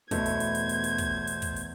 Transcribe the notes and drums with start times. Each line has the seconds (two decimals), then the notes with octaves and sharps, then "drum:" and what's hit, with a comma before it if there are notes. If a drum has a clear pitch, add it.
0.11 E2 B2 A3 B3 C5 C#5 G#6, drum: kick, hi-hat
0.26 drum: hi-hat
0.40 drum: hi-hat
0.55 drum: hi-hat
0.69 drum: hi-hat
0.84 drum: hi-hat
0.98 drum: kick, hi-hat
1.27 drum: hi-hat
1.42 drum: kick, hi-hat
1.56 drum: hi-hat